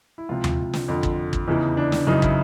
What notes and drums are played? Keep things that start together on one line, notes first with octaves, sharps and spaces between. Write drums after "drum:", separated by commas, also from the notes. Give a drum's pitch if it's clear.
E4
C#2 C3 F3 F4
drum: tom D#2
drum: snare
F2 D3 F3
drum: kick
drum: kick
E2 C#3 E3 D#4
D4
drum: snare
F#2 C#3 E3 D#4
E4, drum: kick